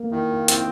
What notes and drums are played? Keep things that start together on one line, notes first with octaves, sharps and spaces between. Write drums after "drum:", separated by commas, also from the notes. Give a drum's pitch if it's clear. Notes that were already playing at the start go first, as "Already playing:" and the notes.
Already playing: A#3
D#3 E4
F4
C4 E4, drum: hi-hat